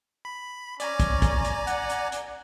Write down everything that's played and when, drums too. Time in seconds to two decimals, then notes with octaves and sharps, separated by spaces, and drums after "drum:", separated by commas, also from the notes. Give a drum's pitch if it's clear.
0.25 B5
0.80 C#4 D5 G#5 A#5, drum: hi-hat
1.00 drum: kick, hi-hat
1.22 drum: kick, hi-hat
1.45 drum: hi-hat
1.67 F#5, drum: hi-hat
1.90 drum: hi-hat
2.12 drum: hi-hat